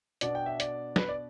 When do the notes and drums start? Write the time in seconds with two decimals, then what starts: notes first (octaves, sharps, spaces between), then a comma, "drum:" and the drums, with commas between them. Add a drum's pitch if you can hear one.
0.21 B2 B3 D4 D5, drum: hi-hat
0.35 G5
0.46 E5
0.60 D5, drum: hi-hat
0.96 B4, drum: snare
1.09 D5